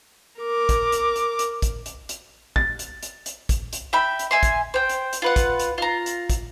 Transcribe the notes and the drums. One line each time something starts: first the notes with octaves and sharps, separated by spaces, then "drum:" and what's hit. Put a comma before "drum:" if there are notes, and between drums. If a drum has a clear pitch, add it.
A#4 D6
drum: kick, hi-hat
drum: hi-hat
drum: hi-hat
drum: hi-hat
drum: kick, hi-hat
drum: hi-hat
drum: hi-hat
A6, drum: kick
drum: hi-hat
drum: hi-hat
drum: hi-hat
drum: kick, hi-hat
drum: hi-hat
E5 G5 B5
drum: hi-hat
E5 G#5 C6
drum: kick, hi-hat
C5 G5
drum: hi-hat
drum: hi-hat
F4 B4 F#5
drum: kick, hi-hat
drum: hi-hat
F4 A#5
drum: hi-hat
drum: kick, hi-hat